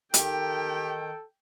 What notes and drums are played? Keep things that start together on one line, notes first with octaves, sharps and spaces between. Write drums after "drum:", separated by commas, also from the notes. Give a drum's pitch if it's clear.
D#3 G4 A4 G5, drum: hi-hat